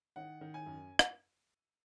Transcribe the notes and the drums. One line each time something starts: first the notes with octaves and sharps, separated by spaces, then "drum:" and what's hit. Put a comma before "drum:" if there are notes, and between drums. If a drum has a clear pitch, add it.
D#3 F#5
D#3
G#5
F#2
drum: rim click